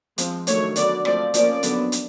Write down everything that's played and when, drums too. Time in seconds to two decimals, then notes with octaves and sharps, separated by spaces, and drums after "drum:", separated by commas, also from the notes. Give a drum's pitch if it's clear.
0.18 F3 G#3 C4, drum: hi-hat
0.47 D#3 F#3 A3 D4 C#5, drum: hi-hat
0.76 D3 F#3 B3 D5, drum: hi-hat
1.05 F3 A3 C4 D5, drum: rim click
1.34 F3 A#3 C#4 D5, drum: hi-hat
1.63 D3 F#3 B3 D4, drum: hi-hat
1.92 drum: hi-hat